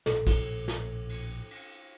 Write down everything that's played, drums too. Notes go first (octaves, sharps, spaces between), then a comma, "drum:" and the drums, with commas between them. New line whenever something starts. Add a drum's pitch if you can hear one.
A#1 A2 C3 A4, drum: snare
drum: kick, cymbal
drum: snare
drum: cymbal
drum: cymbal